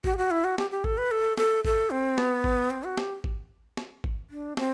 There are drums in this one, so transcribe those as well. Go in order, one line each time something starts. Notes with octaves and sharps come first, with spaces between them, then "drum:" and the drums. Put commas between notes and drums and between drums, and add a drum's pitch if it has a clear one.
F#4, drum: kick
G4
F#4
E4
F#4
G4, drum: snare
G4
A4, drum: kick
B4
A4
A4, drum: snare
A4, drum: kick
C4
B3, drum: snare
drum: kick
C4
F#4
G4, drum: snare
drum: kick
drum: snare
drum: kick
D4
C4, drum: snare